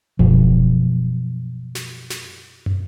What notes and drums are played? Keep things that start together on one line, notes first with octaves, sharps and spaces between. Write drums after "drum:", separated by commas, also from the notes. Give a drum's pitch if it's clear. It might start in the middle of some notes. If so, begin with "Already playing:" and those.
F#2 B2 F3, drum: kick D#1
drum: snare
drum: snare
drum: tom